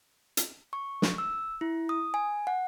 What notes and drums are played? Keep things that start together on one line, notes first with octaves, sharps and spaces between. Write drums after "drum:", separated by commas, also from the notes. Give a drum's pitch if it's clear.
drum: hi-hat
C#6
drum: snare
E6
E4
D#6
G#5
F#5